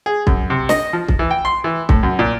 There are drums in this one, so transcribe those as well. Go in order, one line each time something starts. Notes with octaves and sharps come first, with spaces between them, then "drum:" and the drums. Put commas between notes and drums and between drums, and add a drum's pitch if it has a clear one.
G#4
F#2, drum: kick
C3
D#5, drum: snare
F3
drum: kick
E3
G5
C6
E3
A2, drum: kick
F#2
A#2